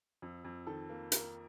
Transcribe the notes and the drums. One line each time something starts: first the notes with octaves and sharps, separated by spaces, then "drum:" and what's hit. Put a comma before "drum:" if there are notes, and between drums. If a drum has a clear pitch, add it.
F2
F2
D#3 A4
A#3
A#3 A#4, drum: hi-hat